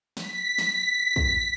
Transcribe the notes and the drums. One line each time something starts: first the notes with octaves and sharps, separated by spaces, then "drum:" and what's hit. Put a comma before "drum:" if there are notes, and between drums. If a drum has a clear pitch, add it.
B6, drum: snare
drum: snare
drum: kick